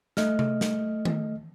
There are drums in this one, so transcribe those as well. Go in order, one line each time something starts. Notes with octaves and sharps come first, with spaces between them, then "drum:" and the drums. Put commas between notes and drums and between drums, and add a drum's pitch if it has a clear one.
A3 D#5 F6, drum: snare
drum: tom C3
drum: snare
drum: tom D#3